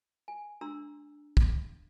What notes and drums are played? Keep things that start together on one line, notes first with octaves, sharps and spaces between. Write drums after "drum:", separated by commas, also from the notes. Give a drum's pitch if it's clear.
G#5
D4 A#5 C6 E6
drum: kick